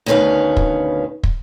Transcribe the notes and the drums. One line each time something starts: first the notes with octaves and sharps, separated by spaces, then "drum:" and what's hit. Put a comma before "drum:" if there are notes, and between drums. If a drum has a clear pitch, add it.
D2 B2 D#3 C#4 B4 F5
drum: kick
drum: kick